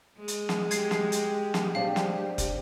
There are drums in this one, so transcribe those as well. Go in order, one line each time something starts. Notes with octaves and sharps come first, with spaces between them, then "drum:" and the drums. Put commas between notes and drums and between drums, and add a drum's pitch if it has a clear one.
G#3
drum: hi-hat
drum: snare
G4 G#6 C7, drum: hi-hat
drum: snare
drum: hi-hat
drum: snare
C4 D4 F5
drum: snare
drum: kick F1, hi-hat